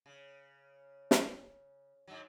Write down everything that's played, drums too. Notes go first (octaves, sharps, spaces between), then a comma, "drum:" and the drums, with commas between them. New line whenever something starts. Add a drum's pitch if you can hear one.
C#3
drum: snare
G#2 F#3